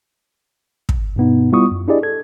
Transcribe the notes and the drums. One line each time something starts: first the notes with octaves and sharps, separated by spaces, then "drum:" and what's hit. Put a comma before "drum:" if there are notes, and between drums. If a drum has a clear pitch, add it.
drum: kick
G2 B2 B3 D#4
G3 B3 E4 F4 C#6 D#6
F#2
D4 E4 G4 G#4 D5 D#5
A4 G#6